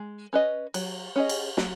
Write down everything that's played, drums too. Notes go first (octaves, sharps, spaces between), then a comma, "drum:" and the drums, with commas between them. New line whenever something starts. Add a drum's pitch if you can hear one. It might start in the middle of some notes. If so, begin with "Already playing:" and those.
Already playing: G#3
C#4 B4 D#5
F#3, drum: cymbal
C#4 G#4 D#5
drum: cymbal
F#3, drum: snare